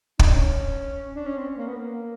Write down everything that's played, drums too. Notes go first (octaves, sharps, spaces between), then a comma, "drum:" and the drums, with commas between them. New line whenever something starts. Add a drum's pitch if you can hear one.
D#4, drum: kick
D4
C#4
D4
C#4
C4
C#4
A#3
B3
A#3